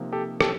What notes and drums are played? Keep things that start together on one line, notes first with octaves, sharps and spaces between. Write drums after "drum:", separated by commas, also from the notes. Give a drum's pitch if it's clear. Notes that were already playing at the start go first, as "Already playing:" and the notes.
Already playing: C3 F3 A#3 D#4
G4 A4
G4 A4, drum: rim click